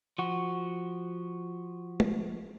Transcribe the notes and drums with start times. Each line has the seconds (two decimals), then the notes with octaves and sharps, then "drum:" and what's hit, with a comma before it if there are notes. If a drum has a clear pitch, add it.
0.18 F3 F#4
2.00 drum: tom G#3